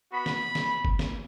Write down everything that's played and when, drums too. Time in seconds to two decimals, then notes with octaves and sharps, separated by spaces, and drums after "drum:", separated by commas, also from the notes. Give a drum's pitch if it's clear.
0.11 B3 F#4 B5
0.26 drum: snare
0.55 drum: snare
0.85 drum: kick G1
0.99 drum: snare